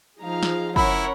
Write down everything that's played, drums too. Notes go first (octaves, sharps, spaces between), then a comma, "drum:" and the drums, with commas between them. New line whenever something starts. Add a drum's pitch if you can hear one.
F3 D#4 G#4 F5 A#5
drum: snare
C#4 E4 A#4 C#5 F#5 B5, drum: kick